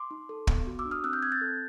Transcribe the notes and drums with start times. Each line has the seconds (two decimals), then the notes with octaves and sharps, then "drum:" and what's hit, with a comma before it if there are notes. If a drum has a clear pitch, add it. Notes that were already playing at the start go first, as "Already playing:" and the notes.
Already playing: C6 D6
0.11 D#4
0.29 A4
0.47 B3, drum: kick
0.67 F#4
0.79 D6 E6
0.85 D4
0.91 D#6 F6
1.04 C4 E6 F#6
1.13 F6 G6
1.22 C4 F#6 G#6
1.32 G6 A6
1.41 A4